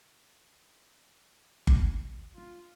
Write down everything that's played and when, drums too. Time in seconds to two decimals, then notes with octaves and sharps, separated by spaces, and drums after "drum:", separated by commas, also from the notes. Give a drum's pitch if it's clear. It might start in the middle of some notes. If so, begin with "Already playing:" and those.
1.67 G3 F#4 G#4, drum: kick G1
2.35 F4